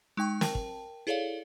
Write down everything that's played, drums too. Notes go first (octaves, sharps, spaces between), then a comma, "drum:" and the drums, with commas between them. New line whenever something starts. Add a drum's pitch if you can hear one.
G#3 D#4 G5 C#6
A#4 G5 A5, drum: snare
drum: kick
E4 G#4 A4 C#5 D5 F5